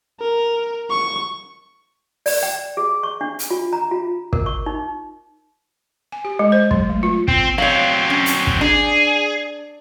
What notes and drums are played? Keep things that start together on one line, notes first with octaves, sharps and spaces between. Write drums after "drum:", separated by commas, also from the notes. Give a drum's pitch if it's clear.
A#4
C#6
D5, drum: open hi-hat
G5
G#4
C#6
D4
drum: hi-hat
F4
A#5
F4
A#4, drum: kick
C#6
D#4
G#5
G4
G#3
C5
F#3, drum: kick
A3
F4
C4, drum: kick
F#3 C4 C#5 F5
C#4
drum: hi-hat
drum: kick
D4 G#4